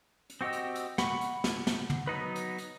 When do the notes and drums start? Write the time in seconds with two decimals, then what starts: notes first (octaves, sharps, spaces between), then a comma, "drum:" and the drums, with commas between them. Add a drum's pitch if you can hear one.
0.30 drum: hi-hat
0.41 C4 F#4 G4 D#5 E6
0.53 drum: hi-hat
0.75 drum: hi-hat
0.98 F#5 B5 C#6, drum: snare
1.21 drum: hi-hat
1.44 drum: snare
1.67 drum: snare
1.90 drum: tom
2.07 F#3 B3 D#4 B4
2.35 drum: hi-hat
2.58 drum: hi-hat